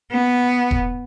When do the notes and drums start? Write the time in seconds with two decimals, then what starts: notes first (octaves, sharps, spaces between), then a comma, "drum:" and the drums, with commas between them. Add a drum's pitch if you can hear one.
0.11 B3
0.71 drum: kick E1